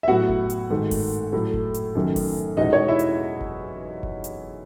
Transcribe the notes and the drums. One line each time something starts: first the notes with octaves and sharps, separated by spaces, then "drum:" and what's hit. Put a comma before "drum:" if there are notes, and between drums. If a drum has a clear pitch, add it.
E5
A2 F#3 B3 F#4 F#5
drum: kick F#1
drum: hi-hat
G#2 D#3 A3
drum: kick F#1, open hi-hat
A2 F#3 A3
drum: kick F#1
drum: hi-hat
F#2 D#3 A3
drum: kick F#1, open hi-hat
E2 B2 G#3 D#4 D#5
C#5
E4 E5
drum: hi-hat
drum: kick F#1
drum: kick F#1
drum: hi-hat